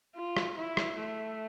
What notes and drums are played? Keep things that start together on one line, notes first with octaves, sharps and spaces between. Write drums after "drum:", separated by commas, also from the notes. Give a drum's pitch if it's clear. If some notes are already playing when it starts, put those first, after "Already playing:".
F4
drum: rim click
E4
drum: rim click
A3